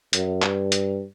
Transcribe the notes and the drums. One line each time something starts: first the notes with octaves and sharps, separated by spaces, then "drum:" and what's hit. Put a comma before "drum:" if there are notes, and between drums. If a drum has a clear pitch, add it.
F#2, drum: hi-hat
G2, drum: clap
drum: hi-hat